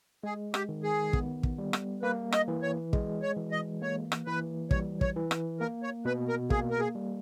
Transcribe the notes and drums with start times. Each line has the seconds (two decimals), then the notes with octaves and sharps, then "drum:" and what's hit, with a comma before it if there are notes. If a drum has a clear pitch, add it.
0.24 G#3 G#4
0.54 G4, drum: rim click
0.69 D#3
0.83 G#4
1.13 B3, drum: kick
1.43 drum: kick
1.58 G3
1.73 drum: rim click
2.02 A#3 B4
2.32 D#5, drum: rim click
2.48 E3
2.63 C#5
2.93 G#3, drum: kick
3.22 C#5
3.37 E3
3.51 D#5
3.82 A#3 C#5
4.12 drum: rim click
4.26 E3 B4
4.71 G3 C#5, drum: kick
5.01 C#5, drum: kick
5.16 E3
5.31 drum: rim click
5.60 A#3 A#4
5.83 C#5
6.05 B2 B4
6.28 A#4
6.50 A#3 G#4, drum: kick
6.71 A#4
6.79 G#4
6.95 G3